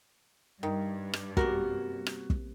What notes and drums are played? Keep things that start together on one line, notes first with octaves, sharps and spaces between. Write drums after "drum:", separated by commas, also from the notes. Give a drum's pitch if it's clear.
G2 D#3
drum: rim click
C3 A#3 B3 F#4 A#4, drum: kick
drum: rim click
drum: kick